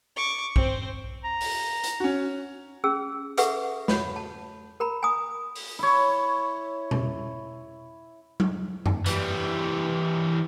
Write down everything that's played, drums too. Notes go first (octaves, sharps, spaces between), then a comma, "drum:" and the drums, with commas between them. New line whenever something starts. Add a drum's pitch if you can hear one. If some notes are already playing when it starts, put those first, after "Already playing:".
C#6 D6
C4 C5, drum: kick
A#5
drum: open hi-hat
drum: hi-hat
C#4 F#4
C#4 G#4 E6
G#4 A4 B4 E5 F#5 C#6, drum: hi-hat
F#4 C#5 B5, drum: snare A3
A5
A#4 A#5 B5
G#5 A#5 D#6
drum: open hi-hat
E4 C#5
drum: tom B2
drum: tom F#3
drum: tom F#2
E3 G3, drum: hi-hat